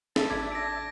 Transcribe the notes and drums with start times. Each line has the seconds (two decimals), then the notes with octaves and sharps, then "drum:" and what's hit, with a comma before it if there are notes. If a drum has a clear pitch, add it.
0.16 D4 E5 A5, drum: snare
0.30 G#1 D6 G#6
0.52 A#6 D7